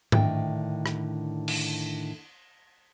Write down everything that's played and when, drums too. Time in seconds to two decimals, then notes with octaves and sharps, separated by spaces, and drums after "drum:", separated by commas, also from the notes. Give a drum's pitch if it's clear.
0.12 A2 D3 D#3 G5, drum: tom G#2
0.86 drum: rim click
1.48 drum: cymbal